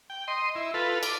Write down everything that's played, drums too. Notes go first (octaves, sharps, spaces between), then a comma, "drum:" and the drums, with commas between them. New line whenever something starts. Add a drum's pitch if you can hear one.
G5
D#5 C6
E4
F4 A4 B4
D6, drum: cymbal